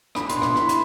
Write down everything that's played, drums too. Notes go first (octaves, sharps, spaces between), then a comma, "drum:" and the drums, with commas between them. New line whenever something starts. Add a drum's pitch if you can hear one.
D4 B5, drum: rim click
C6, drum: hi-hat
B2
C6, drum: rim click
E4 B5, drum: rim click
drum: hi-hat